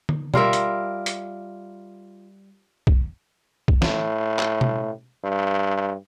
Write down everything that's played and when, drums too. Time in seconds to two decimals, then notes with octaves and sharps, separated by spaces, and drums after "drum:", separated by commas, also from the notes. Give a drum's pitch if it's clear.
0.09 drum: tom D3
0.34 G3 F4 A#4 E5, drum: tom B2
0.53 drum: hi-hat
1.06 drum: hi-hat
2.87 drum: kick B1
3.68 drum: kick B1
3.82 A2, drum: snare
4.39 drum: clap
4.61 drum: tom B2
5.24 G2